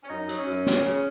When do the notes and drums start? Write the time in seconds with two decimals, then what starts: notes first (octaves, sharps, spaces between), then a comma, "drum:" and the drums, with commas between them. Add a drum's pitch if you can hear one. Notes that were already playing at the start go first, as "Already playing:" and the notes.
0.04 C#4
0.10 F#2 D#4
0.29 F#3, drum: hi-hat
0.37 C#4
0.47 F#2
0.66 F#2, drum: snare
0.85 C#3